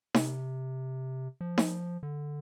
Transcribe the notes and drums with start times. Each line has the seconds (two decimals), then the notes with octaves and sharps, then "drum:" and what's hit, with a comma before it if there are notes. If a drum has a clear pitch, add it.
0.14 C3, drum: snare D#4
1.41 F3
1.58 drum: snare D#4
2.03 D3